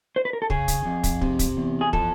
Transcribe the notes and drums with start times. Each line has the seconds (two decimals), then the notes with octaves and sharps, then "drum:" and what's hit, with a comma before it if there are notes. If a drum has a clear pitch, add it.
0.16 C5
0.25 B4
0.33 A#4
0.42 A4
0.50 C#3 G#4, drum: kick
0.68 drum: kick, hi-hat
0.86 F2
1.04 drum: kick, hi-hat
1.21 C3, drum: kick
1.39 drum: kick, hi-hat
1.57 E2
1.81 G#4
1.93 F3 A4, drum: kick